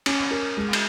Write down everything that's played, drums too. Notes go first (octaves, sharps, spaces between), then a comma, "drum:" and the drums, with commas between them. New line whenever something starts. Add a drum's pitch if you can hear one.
C#4, drum: cymbal
A#4
G#3
drum: cymbal